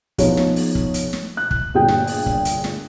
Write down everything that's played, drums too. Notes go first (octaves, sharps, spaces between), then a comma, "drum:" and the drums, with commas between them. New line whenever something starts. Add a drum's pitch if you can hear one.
F3 B3 D#4 G#4 C#5, drum: kick, hi-hat
drum: snare
drum: open hi-hat
drum: kick
drum: hi-hat
drum: snare
F#6
drum: kick
G1 A#2 G#4 G5
drum: snare
drum: open hi-hat
drum: kick
drum: hi-hat
drum: snare